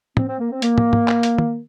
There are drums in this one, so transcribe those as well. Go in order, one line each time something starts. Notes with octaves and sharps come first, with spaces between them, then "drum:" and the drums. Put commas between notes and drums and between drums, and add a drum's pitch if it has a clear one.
C4, drum: tom
C4
A#3
C4
A#3, drum: hi-hat
drum: tom
drum: tom
drum: clap
drum: hi-hat
drum: tom